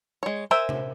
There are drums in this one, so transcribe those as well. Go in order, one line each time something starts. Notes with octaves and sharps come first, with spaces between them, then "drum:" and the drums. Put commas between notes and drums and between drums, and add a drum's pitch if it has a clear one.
G#3 C#5
A#4 C5 E5 G#5
drum: tom C3